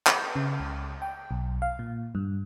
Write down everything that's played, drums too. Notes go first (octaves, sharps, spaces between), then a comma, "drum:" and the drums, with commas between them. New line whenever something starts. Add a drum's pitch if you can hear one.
B4, drum: clap
C#3
C#2
G5
B1
F5
A#2
G2